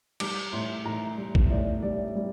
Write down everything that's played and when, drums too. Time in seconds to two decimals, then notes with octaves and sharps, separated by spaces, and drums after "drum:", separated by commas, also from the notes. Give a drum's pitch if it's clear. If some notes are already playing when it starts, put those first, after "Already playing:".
0.20 G3 D6, drum: cymbal
0.53 A2 C6
0.85 A2 A#5
1.18 G3
1.35 drum: kick
1.50 A2 D5
1.82 G3 D5
2.15 G3